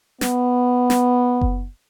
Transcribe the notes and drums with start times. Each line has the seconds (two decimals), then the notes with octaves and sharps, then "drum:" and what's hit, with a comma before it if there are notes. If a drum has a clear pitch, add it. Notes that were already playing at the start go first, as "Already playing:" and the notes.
0.21 B3, drum: snare
0.90 drum: snare
1.41 drum: kick F#1